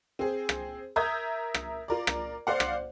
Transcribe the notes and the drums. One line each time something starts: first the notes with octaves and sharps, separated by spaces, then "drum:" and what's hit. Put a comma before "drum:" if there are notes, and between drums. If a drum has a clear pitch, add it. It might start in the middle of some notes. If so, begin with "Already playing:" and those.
C4 G#4
drum: rim click
A#4 E5 A#5 D#6 G6 G#6
drum: rim click
F4 A#4 D5
drum: rim click
C5 D5 F5 F#5
drum: rim click